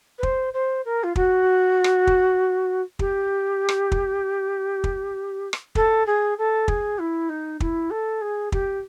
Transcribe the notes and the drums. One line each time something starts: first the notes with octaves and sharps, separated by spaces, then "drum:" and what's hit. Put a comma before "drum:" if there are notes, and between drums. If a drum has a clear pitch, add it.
B4
C5, drum: kick
C5
A#4
F4
F#4, drum: kick
drum: rim click
drum: kick
G4, drum: kick
drum: rim click
drum: kick
drum: kick
drum: rim click
A4, drum: kick
G#4
A4
G#4, drum: kick
E4
D#4
E4, drum: kick
A4
G#4
G4, drum: kick